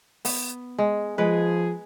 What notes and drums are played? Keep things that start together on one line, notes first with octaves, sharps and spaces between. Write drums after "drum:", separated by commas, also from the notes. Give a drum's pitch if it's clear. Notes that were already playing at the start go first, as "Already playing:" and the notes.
B3, drum: open hi-hat
G#3
F3 G#3 G#4 B4